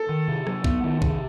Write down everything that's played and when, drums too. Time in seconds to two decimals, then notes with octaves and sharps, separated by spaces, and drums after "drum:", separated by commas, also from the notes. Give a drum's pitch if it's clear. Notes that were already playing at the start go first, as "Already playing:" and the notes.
Already playing: A4
0.09 D#3
0.28 C3
0.47 F#3, drum: rim click
0.64 B3, drum: kick A#1
0.84 D#3
1.02 C3, drum: kick A#1